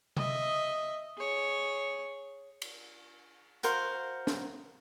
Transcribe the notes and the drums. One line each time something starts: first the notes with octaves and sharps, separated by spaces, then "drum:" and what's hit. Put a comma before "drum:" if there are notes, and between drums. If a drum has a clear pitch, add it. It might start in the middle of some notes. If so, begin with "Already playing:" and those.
D#5 E5, drum: tom C3
G#4 C#5
drum: cymbal
F#4 A#4 C5 F5, drum: hi-hat
drum: snare